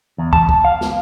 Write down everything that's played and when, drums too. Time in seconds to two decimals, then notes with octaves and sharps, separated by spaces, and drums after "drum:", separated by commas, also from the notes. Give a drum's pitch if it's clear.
0.18 E2
0.33 A5, drum: kick
0.49 drum: kick
0.65 F5
0.81 drum: snare